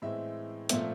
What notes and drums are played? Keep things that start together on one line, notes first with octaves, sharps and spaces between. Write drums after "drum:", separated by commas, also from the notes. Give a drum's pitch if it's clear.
A2 E3 G#3 C4 E5
A#2 F3 A3 C4 E5, drum: hi-hat